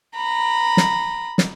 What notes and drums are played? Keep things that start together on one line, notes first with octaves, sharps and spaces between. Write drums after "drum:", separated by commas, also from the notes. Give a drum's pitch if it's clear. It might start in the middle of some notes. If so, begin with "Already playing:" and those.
A#5 B5
drum: snare
drum: snare